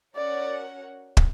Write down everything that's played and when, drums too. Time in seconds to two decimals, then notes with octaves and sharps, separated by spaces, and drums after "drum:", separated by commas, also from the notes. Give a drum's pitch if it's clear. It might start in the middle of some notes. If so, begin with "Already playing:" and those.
0.16 C#4 F#4 A#4 C#5 D5 F#5
1.17 drum: kick